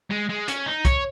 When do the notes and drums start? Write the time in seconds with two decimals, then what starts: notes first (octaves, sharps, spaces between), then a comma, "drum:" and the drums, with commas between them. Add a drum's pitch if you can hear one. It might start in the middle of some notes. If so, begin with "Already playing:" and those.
0.11 G#3
0.30 G#3
0.48 C#4, drum: hi-hat
0.66 D#4
0.85 C#5, drum: kick, hi-hat